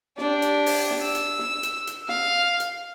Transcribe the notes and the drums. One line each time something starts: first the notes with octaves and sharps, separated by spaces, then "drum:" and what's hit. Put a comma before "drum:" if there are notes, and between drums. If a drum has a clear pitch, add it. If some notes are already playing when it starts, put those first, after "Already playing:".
D4 G4, drum: snare
drum: hi-hat
drum: open hi-hat
drum: snare
E6
drum: hi-hat
drum: snare
drum: hi-hat
drum: hi-hat
F5, drum: snare
drum: hi-hat